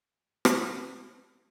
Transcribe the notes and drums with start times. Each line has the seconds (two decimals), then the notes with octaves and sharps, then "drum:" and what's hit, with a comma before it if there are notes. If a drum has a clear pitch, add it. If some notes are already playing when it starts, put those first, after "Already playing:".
0.05 G#2 E3 A3 D4 F#4
0.45 drum: rim click
1.23 D3 F3 A3 D4